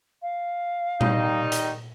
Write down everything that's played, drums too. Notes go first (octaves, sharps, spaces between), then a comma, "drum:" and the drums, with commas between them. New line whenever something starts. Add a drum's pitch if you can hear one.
F5
D#3 G3 D#4, drum: tom A#2
drum: hi-hat